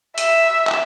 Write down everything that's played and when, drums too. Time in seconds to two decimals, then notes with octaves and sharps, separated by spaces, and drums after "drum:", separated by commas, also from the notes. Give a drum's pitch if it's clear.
0.18 E5, drum: hi-hat
0.67 drum: clap